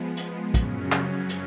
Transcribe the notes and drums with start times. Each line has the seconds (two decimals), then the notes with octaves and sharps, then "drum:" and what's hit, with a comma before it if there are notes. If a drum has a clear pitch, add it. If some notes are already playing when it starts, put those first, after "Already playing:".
Already playing: F3 G#3 B3
0.17 drum: hi-hat
0.54 F#2 C#3 F#3 C#4, drum: kick, hi-hat
0.92 drum: clap
1.29 drum: hi-hat